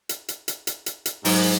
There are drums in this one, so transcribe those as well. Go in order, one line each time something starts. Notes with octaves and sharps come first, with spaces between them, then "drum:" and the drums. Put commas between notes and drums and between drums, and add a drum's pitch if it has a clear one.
drum: hi-hat
drum: hi-hat
drum: hi-hat
drum: hi-hat
drum: hi-hat
drum: hi-hat
G#2 F#3 C5, drum: open hi-hat